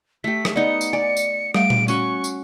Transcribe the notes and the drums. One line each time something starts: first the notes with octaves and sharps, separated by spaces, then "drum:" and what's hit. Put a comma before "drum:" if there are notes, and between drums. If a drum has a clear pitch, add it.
A3 G4 B6
drum: rim click
B3 D#4 D5 C#7
drum: tambourine
D5 G#5
drum: tambourine
G3 A3 F5 D7, drum: rim click
drum: tom A#2
C#4 F#4 C#6, drum: tambourine
drum: tambourine